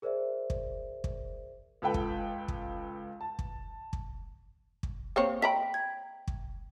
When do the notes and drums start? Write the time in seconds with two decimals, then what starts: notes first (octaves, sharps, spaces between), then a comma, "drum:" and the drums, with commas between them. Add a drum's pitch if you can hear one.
0.02 G#4 A#4 C5 D5 E5
0.50 drum: kick
1.04 drum: kick
1.82 C#2 A4 B4 G5 B5
1.94 drum: kick
2.48 drum: kick
3.21 A5
3.39 drum: kick
3.93 drum: kick
4.83 drum: kick
5.16 A#3 C4 C#5
5.42 E5 G5 A#5 B5 B6
5.74 G#6
6.28 drum: kick